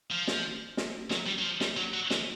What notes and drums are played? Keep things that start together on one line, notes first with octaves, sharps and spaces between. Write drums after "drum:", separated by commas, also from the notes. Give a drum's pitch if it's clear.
F3
drum: snare
drum: snare
F#3, drum: snare
G3
F#3
F3
G3, drum: snare
F#3
F#3
E3, drum: snare